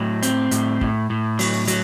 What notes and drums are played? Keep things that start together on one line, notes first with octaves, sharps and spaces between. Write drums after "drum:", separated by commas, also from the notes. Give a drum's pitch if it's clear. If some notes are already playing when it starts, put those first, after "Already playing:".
Already playing: A2 F#3
C4, drum: hi-hat
A2, drum: hi-hat
A2, drum: kick
A2
F#3, drum: open hi-hat
F#3, drum: hi-hat